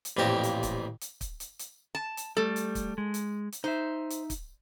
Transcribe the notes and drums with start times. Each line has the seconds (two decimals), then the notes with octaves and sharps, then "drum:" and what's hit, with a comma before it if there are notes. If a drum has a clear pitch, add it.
0.05 drum: hi-hat
0.17 A1 F2 A#2 G4 A#4
0.43 drum: hi-hat
0.63 drum: kick, hi-hat
1.01 drum: hi-hat
1.21 drum: kick, hi-hat
1.40 drum: hi-hat
1.59 drum: hi-hat
1.95 A5
2.17 drum: hi-hat
2.37 G3 A3 A4
2.56 drum: hi-hat
2.75 drum: kick, hi-hat
2.98 G#3
3.14 drum: hi-hat
3.52 drum: hi-hat
3.64 D#4 C5 E5
4.10 drum: hi-hat
4.30 drum: kick, hi-hat